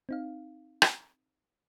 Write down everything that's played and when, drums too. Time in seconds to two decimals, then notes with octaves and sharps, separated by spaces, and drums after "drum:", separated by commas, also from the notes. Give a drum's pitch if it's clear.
0.09 C4 D#4 F5
0.82 drum: rim click